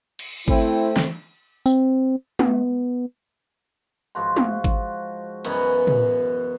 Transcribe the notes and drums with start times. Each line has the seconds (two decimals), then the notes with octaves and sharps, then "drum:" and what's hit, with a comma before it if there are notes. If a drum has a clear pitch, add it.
0.19 drum: cymbal
0.48 A3 C4 E4, drum: kick G#1
0.96 drum: snare
1.66 C4, drum: tambourine
2.39 B3, drum: tom
4.15 G#2 F3 F#4 C6
4.36 drum: tom
4.64 drum: kick G#1
5.45 F#2 B2 E3, drum: cymbal
5.87 drum: tom